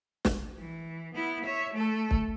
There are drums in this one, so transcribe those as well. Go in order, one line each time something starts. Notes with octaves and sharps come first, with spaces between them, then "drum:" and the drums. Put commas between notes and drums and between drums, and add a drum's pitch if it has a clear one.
drum: snare
E3
B3 E4
C#5 E5
A3 A4
drum: kick